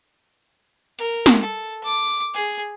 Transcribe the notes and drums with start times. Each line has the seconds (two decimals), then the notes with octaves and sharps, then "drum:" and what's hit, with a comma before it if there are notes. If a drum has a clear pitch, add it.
0.99 A#4, drum: hi-hat
1.26 drum: snare
1.41 A4
1.84 D6
2.34 G#4